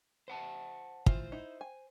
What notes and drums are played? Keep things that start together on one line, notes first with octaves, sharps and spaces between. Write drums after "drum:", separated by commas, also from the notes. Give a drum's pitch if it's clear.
C5 F#5 A5
E3 F4 C5, drum: kick
D#4 E4
G#5